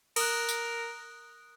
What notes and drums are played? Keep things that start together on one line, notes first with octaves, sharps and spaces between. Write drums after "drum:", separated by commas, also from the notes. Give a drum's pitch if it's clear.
A#4 D#6 F#6, drum: cymbal
drum: tambourine